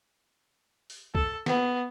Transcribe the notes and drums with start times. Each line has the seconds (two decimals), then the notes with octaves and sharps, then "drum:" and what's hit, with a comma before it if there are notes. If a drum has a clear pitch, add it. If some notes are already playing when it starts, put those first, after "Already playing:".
0.90 drum: open hi-hat
1.15 A4, drum: kick
1.46 B3, drum: snare